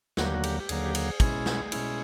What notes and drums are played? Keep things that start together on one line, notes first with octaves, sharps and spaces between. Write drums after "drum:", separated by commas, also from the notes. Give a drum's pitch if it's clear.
D#2 D3 F#3 A#3 F#4, drum: snare
G4
F#4
G4, drum: cymbal
G4
D#2 D3 F#3 A#3 G#4, drum: cymbal
G4
G#4, drum: cymbal
B2 G#3 C#4 E4, drum: kick, cymbal
drum: snare
B2 G#3 C#4 E4, drum: cymbal